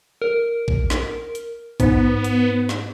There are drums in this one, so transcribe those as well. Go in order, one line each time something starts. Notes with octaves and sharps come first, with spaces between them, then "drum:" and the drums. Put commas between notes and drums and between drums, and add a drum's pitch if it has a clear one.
A#4
drum: kick A1
drum: snare
drum: hi-hat
G#2 B3, drum: kick A1, hi-hat
drum: hi-hat
drum: snare